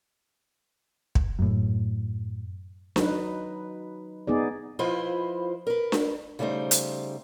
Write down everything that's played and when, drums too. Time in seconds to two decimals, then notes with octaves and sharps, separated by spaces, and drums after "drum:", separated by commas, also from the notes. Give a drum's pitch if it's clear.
1.15 drum: kick
1.39 F#2 A2
2.96 F#3 D#4 B4, drum: snare D4
4.27 B3 D#4 G#4 D5
4.79 F3 E4 F4 B4 C5 D#5
5.67 A#4 B4
5.92 drum: snare D4
6.39 C#3 G3 A3 D#4 C5
6.71 drum: hi-hat